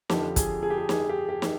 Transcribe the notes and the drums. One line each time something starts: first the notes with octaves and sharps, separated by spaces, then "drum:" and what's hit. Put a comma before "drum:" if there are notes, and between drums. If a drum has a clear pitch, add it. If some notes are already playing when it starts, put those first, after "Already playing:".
F2 D3 F3 G4, drum: snare
G#4, drum: kick, hi-hat
G#4
G4
G#4
G#4, drum: snare
G4
G4
drum: snare